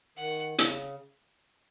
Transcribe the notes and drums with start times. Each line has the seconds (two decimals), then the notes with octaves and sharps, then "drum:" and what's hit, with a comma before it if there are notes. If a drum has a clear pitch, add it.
0.17 D#3 F#5
0.58 C#3, drum: hi-hat